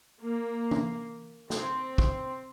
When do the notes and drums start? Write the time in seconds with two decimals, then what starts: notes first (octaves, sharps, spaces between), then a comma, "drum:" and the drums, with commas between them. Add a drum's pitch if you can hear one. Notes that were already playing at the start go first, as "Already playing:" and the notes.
0.22 A#3
0.71 drum: tom
1.50 C4, drum: snare
1.98 drum: kick